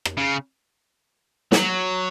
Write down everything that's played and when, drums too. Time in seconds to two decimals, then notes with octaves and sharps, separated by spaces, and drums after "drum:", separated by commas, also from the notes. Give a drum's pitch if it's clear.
0.05 drum: rim click
0.17 C#3
1.52 F#3, drum: snare